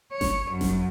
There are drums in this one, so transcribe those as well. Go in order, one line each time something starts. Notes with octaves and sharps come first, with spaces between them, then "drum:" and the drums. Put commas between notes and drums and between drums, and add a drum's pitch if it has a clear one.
C#5
drum: snare G1
F#2
drum: snare G1